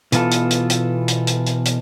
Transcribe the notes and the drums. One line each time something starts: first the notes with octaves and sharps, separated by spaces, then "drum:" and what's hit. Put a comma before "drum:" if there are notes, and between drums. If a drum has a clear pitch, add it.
B2 E3 B3 F4 A4, drum: hi-hat
drum: hi-hat
drum: hi-hat
drum: hi-hat
drum: hi-hat
drum: hi-hat
drum: hi-hat
drum: hi-hat